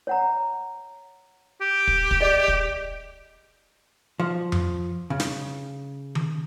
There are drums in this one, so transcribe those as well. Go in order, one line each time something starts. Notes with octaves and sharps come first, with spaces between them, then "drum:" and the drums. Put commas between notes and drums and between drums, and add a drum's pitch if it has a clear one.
C#5 F#5 A#5
G4
drum: kick
drum: kick
G#4 D5 D#5
drum: kick
F3
drum: tom F2
C#3
drum: snare
drum: tom D#3